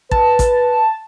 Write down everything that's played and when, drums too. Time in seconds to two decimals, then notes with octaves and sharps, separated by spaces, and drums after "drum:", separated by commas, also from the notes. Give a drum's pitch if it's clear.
0.11 B4 A5, drum: kick
0.39 drum: kick, hi-hat